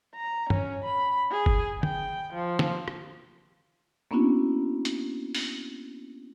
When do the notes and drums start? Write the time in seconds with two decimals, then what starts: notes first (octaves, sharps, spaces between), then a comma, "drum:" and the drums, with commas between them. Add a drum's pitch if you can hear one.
0.15 A#5
0.50 C#4, drum: tom
0.85 B5
1.31 G#4
1.46 drum: kick F#1
1.83 G5, drum: tom
2.34 F3
2.59 drum: snare
2.88 drum: rim click
4.11 A#3 B3 C#4 D4 E4 F#4
4.85 drum: hi-hat
5.35 drum: open hi-hat